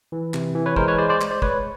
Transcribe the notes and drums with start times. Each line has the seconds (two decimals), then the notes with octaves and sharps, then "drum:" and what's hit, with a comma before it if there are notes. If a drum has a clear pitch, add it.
0.12 E3
0.34 C3, drum: clap
0.55 E3
0.66 B4 C#5
0.76 G#3 A#4 C5, drum: kick
0.88 B4 C#5
0.98 G#3 C5 D5
1.09 C5 D5
1.21 G#3, drum: clap
1.31 C5 D5
1.42 G#3 B4 C#5, drum: kick